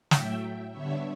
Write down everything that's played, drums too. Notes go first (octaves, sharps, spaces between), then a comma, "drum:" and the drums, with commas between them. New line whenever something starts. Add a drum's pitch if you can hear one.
A2 F#3 A3 E5 G5, drum: snare
D3 G3 B3 D4 C#5 E5